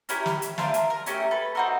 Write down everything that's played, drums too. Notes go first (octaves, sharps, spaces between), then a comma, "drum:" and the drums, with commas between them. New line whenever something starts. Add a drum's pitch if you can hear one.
C#4 E4 G4 A#4, drum: hi-hat
drum: snare
drum: hi-hat
A3 D4 F4 A#4 C5, drum: snare
A#4, drum: hi-hat
A#4
A3 C#4 G4 A#4, drum: hi-hat
A4 B4
C4 D#4 F#4 A4 A#4